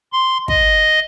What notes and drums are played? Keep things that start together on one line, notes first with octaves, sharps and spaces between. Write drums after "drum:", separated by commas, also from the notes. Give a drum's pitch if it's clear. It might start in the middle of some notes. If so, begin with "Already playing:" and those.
C6
D#5, drum: kick